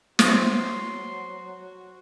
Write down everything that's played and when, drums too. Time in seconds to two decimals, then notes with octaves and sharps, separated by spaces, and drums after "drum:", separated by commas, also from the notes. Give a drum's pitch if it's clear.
0.19 F#3 F#4 C5 C6, drum: snare